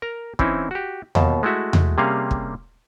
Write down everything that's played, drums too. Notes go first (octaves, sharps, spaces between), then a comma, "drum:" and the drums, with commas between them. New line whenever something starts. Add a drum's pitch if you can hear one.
A#4 A#5
E3 C4 C#4 D#4 E4, drum: kick
F#4 G4
D#2 B2 A5, drum: tom E2
G#3 A3 E4 F#4 E5
drum: tom E2
C3 G3 A#3 C#4 G#4 F5
drum: kick